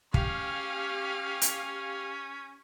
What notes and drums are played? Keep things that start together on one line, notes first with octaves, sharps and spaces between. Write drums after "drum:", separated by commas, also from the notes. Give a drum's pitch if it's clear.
C#4 G4 F5, drum: kick
drum: hi-hat